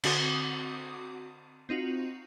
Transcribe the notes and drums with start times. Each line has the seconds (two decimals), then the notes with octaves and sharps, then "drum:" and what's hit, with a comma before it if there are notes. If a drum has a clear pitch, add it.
0.04 D3 C4 F#4 D6 D#6, drum: cymbal
1.69 C4 D#4 F4 F#4